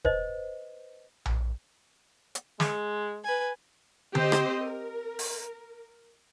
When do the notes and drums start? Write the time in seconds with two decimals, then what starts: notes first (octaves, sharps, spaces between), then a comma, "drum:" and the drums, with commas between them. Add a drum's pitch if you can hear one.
0.05 B4 C5 D#5, drum: kick D#1
1.25 drum: tom A#1
2.35 drum: hi-hat
2.60 G#3, drum: snare
3.24 B4 G#5
4.15 C4 G4 C5 D#5, drum: tom D3
4.32 drum: rim click
4.63 A#4
5.19 drum: open hi-hat